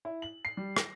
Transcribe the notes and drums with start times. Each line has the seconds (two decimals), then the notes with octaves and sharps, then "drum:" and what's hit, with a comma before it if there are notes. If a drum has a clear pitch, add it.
0.05 E4
0.22 F#7
0.45 C7
0.57 G3
0.77 A#6, drum: rim click